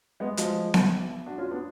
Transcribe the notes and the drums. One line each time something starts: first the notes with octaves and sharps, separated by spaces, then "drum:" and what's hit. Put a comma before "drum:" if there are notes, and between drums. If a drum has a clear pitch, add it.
G#3 B3
F3 G#3, drum: hi-hat
drum: snare B3
D4 F#4
C#4 F4
B3 D4